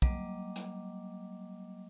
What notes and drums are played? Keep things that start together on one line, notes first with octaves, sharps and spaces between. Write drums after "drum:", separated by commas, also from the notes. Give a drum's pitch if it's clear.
F#3 G3 A#3 D#5 D6, drum: kick
drum: hi-hat